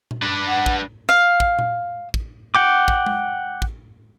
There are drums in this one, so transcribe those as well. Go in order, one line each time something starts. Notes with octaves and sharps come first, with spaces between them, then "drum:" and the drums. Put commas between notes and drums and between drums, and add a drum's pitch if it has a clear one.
drum: tom A#2
D4 B4
F#5
drum: kick
F5
drum: kick
drum: tom A#2
drum: kick
F#5 G5 D6
drum: kick
drum: tom G#3
drum: kick